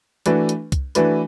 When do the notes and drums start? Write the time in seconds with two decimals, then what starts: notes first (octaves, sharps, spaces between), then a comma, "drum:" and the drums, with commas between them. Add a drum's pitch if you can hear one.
0.26 E3 A3 D4 F#4 B4, drum: hi-hat
0.49 drum: hi-hat
0.72 drum: kick C2, hi-hat
0.95 E3 A3 D4 F#4 B4, drum: hi-hat